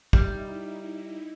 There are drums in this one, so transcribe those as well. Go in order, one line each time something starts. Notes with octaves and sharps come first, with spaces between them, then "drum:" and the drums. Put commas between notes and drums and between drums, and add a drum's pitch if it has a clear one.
G3 D#4 E4, drum: kick